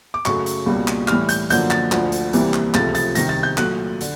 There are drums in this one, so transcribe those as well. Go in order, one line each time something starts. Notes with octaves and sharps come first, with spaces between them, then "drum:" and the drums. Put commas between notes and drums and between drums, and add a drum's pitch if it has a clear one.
D6
F#2 C#3 F#3 A3 C#6, drum: clap
drum: hi-hat
C#2 B2 G3 A#3
drum: clap
A2 E3 G3 F6, drum: clap
G6, drum: hi-hat
F#2 D3 F3 A#3 G6, drum: hi-hat
A6, drum: clap
D2 D3 F3, drum: clap
drum: hi-hat
C2 C3 E3 G3 A#3, drum: hi-hat
drum: clap
C#2 C3 F3 A3 A6, drum: clap
A6, drum: hi-hat
C2 C3 D#3 A#6, drum: hi-hat
A6
G6
A#2 F#3 A3 F#6, drum: clap
D3, drum: hi-hat